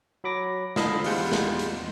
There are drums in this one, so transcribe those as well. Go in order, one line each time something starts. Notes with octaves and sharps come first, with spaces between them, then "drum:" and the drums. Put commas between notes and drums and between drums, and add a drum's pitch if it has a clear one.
F#3 B5 D6 A#6
D3 F3 D#5 F5 B5 E6, drum: snare
E2 G3 G#3 F4 F#5 G6, drum: open hi-hat
drum: snare
drum: hi-hat